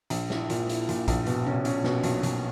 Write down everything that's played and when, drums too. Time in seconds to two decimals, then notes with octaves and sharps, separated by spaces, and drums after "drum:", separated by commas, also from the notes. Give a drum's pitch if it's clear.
0.10 A#1, drum: hi-hat
0.30 E4, drum: snare
0.50 A#2, drum: hi-hat
0.69 E4, drum: hi-hat
0.89 A#2, drum: hi-hat
1.08 A#1, drum: kick A#1, hi-hat
1.27 B2, drum: hi-hat
1.47 C#4, drum: tom C3
1.65 C#4, drum: hi-hat
1.84 B2, drum: snare
2.03 B1, drum: hi-hat
2.23 B1, drum: hi-hat